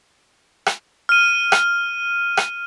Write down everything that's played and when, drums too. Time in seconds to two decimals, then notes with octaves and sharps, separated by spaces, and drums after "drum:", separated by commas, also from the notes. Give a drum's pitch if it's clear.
0.66 drum: rim click
1.09 F6 D#7
1.52 drum: rim click
2.37 drum: rim click